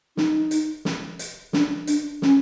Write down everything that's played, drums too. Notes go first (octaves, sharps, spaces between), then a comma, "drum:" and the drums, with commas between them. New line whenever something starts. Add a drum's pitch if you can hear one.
D#4, drum: snare
drum: hi-hat
drum: snare
drum: hi-hat
D4, drum: snare
D4, drum: hi-hat
C#4, drum: snare